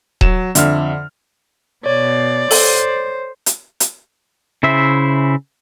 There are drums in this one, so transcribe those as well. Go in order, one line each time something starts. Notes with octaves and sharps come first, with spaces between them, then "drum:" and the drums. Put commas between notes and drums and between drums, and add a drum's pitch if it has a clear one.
F#3 E7, drum: kick D#1
F2 D3 E5 F6, drum: hi-hat
B2 C#5 D5
A4 C5, drum: open hi-hat
drum: hi-hat
drum: hi-hat
C#3 E4 C5 E5